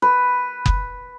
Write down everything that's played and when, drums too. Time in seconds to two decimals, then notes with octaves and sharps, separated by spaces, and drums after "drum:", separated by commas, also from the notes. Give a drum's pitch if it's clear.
0.02 B4
0.66 drum: kick F#1